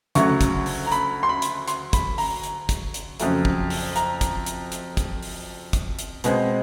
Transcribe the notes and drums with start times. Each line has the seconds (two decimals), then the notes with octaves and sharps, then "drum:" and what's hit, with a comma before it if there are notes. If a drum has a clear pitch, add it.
0.15 D2 C#3 F#3 A3 C#6, drum: hi-hat
0.41 drum: kick, hi-hat
0.66 drum: open hi-hat
0.86 A#5
0.92 B5, drum: hi-hat
1.23 C6
1.29 B5
1.42 drum: hi-hat
1.68 C6, drum: hi-hat
1.93 B5, drum: kick, hi-hat
2.18 A#5, drum: open hi-hat
2.44 drum: hi-hat
2.69 drum: kick, hi-hat
2.94 drum: hi-hat
3.20 F2 C#3 F#3 A3, drum: hi-hat
3.45 drum: kick
3.70 drum: open hi-hat
3.96 A#5, drum: hi-hat
4.21 drum: kick, hi-hat
4.46 drum: hi-hat
4.72 drum: hi-hat
4.97 drum: kick, hi-hat
5.23 drum: open hi-hat
5.73 drum: kick, hi-hat
5.99 drum: hi-hat
6.24 B2 G#3 C4, drum: hi-hat